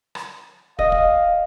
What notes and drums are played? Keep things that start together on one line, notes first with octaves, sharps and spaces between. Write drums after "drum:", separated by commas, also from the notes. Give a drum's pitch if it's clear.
drum: rim click
D#5 F5, drum: kick
drum: kick